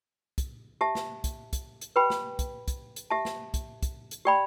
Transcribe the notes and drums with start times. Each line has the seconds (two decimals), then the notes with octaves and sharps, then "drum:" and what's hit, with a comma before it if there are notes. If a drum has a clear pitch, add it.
0.38 drum: kick, hi-hat
0.81 G4 E5 A5
0.95 drum: snare
1.24 drum: kick, hi-hat
1.53 drum: kick, hi-hat
1.81 drum: hi-hat
1.96 G4 B4 G5 B5
2.10 drum: snare
2.39 drum: kick, hi-hat
2.68 drum: kick, hi-hat
2.96 drum: hi-hat
3.10 G4 E5 A5
3.25 drum: snare
3.54 drum: kick, hi-hat
3.83 drum: kick, hi-hat
4.11 drum: hi-hat
4.25 G4 D5 G5 B5